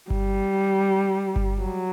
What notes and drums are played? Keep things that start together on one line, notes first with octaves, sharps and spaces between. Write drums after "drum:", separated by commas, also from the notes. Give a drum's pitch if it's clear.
G3, drum: kick G1
drum: kick G1
F#3